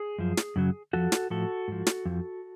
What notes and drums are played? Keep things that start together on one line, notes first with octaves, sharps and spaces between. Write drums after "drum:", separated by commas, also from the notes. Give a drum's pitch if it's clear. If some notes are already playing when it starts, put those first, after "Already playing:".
Already playing: G#4
F#2 F3
drum: snare
F#2 C#3 F#3
F2 F3 F#4 A4
drum: snare
A2 F3 F#4 A4
G#2 F3
drum: snare
F2 F3